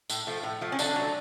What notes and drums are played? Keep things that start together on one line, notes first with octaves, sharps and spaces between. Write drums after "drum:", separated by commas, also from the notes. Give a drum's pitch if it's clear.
A2, drum: tambourine
F3 A3
A2
F3 A3
C#4
D3 D4, drum: tambourine
F#3 A3